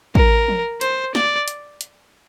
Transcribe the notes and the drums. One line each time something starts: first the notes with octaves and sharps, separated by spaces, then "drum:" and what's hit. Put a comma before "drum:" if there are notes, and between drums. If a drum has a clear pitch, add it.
A#4, drum: kick
drum: tom
C5, drum: hi-hat
D5, drum: snare
drum: hi-hat
drum: hi-hat